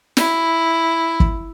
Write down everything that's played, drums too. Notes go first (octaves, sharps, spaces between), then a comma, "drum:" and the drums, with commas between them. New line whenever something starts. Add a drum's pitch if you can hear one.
E4, drum: snare
drum: kick